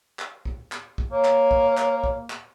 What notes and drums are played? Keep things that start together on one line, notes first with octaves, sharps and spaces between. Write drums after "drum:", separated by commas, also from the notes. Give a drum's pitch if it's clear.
drum: clap
drum: kick B1
drum: clap
drum: kick B1
A#3 C#5
drum: clap
drum: kick B1
drum: clap
drum: kick B1
drum: clap